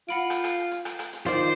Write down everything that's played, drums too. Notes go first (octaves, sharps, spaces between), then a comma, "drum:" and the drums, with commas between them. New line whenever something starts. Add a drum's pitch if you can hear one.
F4 F#5 B5 D7
drum: rim click
drum: rim click
drum: hi-hat
drum: rim click
drum: rim click
drum: hi-hat
D#3 F4 C5 D5, drum: hi-hat